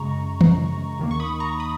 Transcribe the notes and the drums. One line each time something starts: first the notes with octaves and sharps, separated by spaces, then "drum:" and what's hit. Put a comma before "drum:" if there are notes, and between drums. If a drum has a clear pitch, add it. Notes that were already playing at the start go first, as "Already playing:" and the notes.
Already playing: F#2 C#3 G#3 A#5 C#6
drum: tom
D#2 D#3 A#3
C#6
B5 D#6
A#5 C#6
B5 D#6